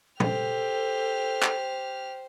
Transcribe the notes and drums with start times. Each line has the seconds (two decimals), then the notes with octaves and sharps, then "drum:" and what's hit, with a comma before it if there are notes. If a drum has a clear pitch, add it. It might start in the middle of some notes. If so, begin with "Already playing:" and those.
0.20 G4 A4 C5 F6, drum: tom A#2
1.43 drum: clap